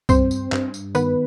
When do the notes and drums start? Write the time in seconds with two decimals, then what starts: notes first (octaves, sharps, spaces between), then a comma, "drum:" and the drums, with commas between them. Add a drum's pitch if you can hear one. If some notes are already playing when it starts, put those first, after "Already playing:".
0.09 G2 C4 C5, drum: kick, tambourine
0.31 drum: tambourine
0.52 G2, drum: clap
0.74 drum: tambourine
0.95 D#3 B3 B4, drum: tambourine